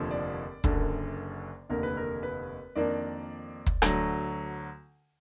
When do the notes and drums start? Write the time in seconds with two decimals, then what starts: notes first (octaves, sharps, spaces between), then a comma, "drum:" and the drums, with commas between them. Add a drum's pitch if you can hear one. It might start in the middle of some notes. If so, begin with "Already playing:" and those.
Already playing: F1 D#2 D3 F3
0.11 D5
0.64 F#1 F#2 D3, drum: kick
1.70 F1 D#2 D3 A#4
1.83 B4
1.97 A#4
2.23 B4
2.76 F2 D#3 A#3 D4 D5
3.66 drum: kick
3.82 D2 D3 F#3, drum: rim click